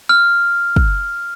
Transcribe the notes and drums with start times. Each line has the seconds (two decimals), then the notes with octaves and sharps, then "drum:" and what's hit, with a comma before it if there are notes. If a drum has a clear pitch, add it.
0.09 F6
0.76 drum: kick